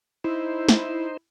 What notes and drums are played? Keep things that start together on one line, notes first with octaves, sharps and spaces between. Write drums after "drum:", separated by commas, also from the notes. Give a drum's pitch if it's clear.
D#4 E4 C5
drum: snare